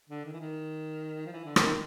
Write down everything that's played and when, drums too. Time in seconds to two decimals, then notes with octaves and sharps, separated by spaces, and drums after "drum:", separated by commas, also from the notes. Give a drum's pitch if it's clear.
0.09 D3
0.25 D#3
0.33 E3
0.40 D#3
1.26 F3
1.32 E3
1.45 D3
1.56 D#3, drum: rim click